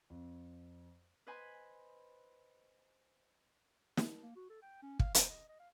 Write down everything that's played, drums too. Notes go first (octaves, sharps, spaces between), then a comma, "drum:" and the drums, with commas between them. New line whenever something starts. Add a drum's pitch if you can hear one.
F2
B4 C5 D#5 G#5 B5
drum: snare
A#3
F#4
A4
G5
C#4
F5, drum: kick
C5, drum: hi-hat
D#5
D#5
F5